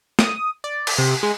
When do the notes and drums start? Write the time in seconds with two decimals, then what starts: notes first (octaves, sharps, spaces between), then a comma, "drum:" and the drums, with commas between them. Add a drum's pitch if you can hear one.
0.19 D#6, drum: snare
0.64 D5
0.87 drum: cymbal
0.98 C3
1.23 G#3